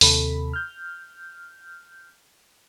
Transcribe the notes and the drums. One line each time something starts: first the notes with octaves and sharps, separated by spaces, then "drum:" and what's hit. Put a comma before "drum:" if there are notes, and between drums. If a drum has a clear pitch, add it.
D#2 C3 A4 B5, drum: open hi-hat
F6 G6